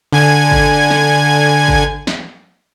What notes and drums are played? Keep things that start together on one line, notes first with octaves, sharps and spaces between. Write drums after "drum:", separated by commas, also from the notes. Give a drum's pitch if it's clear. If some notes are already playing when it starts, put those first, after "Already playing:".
D3 G#5 G#6
drum: kick G#1
drum: snare
drum: kick G#1
drum: snare